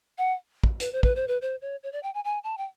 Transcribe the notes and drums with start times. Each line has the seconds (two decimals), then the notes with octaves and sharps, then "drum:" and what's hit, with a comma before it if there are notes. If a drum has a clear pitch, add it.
0.18 F#5
0.64 drum: kick
0.80 B4, drum: hi-hat
0.92 C5
1.03 B4, drum: kick
1.16 C5
1.28 B4
1.42 C5
1.62 C#5
1.83 C#5
1.93 D5
2.03 G5
2.14 G#5
2.24 G#5
2.44 A5
2.58 G5